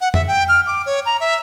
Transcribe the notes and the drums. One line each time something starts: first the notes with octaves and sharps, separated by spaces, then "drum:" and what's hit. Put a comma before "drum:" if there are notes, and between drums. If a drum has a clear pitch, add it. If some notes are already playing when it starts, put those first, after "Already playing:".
F#5
E5, drum: tom F2
G5
F6
D6
C#5
A#5
E5